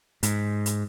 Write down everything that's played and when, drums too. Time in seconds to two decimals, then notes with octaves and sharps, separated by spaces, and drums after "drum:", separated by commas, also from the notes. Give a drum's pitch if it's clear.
0.23 G#2, drum: hi-hat
0.66 drum: hi-hat